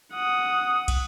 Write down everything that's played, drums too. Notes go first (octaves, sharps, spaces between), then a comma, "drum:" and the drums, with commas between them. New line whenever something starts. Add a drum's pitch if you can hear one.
F#5 D#6
drum: kick, cymbal